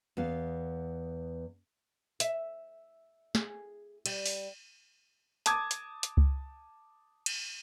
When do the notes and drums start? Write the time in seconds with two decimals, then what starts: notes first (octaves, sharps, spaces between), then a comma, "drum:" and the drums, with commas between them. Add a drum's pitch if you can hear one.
0.17 E2 B3 F5
2.20 E5, drum: hi-hat
3.35 G#4, drum: snare
4.06 G3, drum: cymbal
4.26 drum: open hi-hat
5.46 A5 D6 D#6 G#6, drum: hi-hat
5.71 drum: hi-hat
6.03 drum: hi-hat
6.17 drum: kick C#2
7.26 drum: cymbal